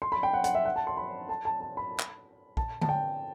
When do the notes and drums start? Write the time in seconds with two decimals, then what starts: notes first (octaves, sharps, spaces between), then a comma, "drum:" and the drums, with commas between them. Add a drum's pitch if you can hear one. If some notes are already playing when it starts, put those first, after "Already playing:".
0.02 C6
0.12 B5
0.23 G5
0.34 F#5
0.44 F#5, drum: hi-hat
0.55 E5
0.65 F#5
0.76 A5
0.87 C6
0.97 B5
1.29 A5
1.45 A5
1.61 A5
1.77 B5
2.00 drum: clap
2.57 A5, drum: kick
2.81 A5, drum: tom D3
2.89 G5